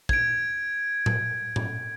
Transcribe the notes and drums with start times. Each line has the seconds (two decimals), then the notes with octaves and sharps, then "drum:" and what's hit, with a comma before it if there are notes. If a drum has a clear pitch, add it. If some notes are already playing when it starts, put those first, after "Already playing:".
0.09 G#6 D7, drum: kick
1.06 drum: tom A2
1.56 drum: tom A2